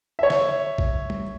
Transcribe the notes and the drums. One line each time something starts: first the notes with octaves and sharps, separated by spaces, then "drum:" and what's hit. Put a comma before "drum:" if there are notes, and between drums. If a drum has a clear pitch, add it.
C#5 E5
drum: snare
drum: kick
drum: tom